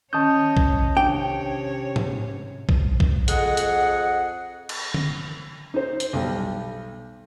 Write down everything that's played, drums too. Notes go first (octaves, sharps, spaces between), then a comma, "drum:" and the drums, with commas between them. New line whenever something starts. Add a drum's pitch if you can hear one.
D#3 C#4 C#5 D#5 A5 D#6 G6
drum: kick
C3 C#4 D4 C#5 G5
drum: tom G#2
drum: kick
drum: kick
F2 G#4 D#5 F#5, drum: hi-hat
drum: hi-hat
drum: cymbal
drum: tom D3
D#4 C5
drum: hi-hat
B1 G3